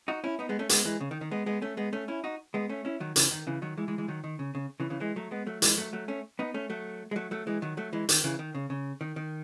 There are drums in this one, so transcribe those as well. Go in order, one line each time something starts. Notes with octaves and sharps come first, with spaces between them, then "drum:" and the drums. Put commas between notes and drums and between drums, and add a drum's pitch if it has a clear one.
D#4 F#4
C#4 E4
B3 D#4
G#3 B3
A3 C#4
G#3 B3, drum: hi-hat
E3 G#3
C#3
D#3
D#3
G#3 B3
G#3 B3
A3 C#4
G#3 B3
A3 C#4
C#4 E4
D#4 F#4
G#3 B3
A3 C#4
C#4 E4
D#3 F#3
C#3 E3, drum: hi-hat
D#3
C#3 E3
D#3 F#3
E3 G#3
E3 G#3
E3 G#3
D#3 F#3
D#3
C#3
C#3
C#3 E3
C#3 E3
E3 G#3
F#3 A3
G#3 B3
F#3 A3
E3 G#3, drum: hi-hat
F#3 A3
F#3 A3
A3 C#4
B3 D#4
A3 C#4
F#3 A3
G#3
F#3 A3
F#3 A3
E3 G#3
D#3 F#3
F#3 A3
E3 G#3
D#3, drum: hi-hat
C#3 E3
D#3
C#3
C#3
D#3
D#3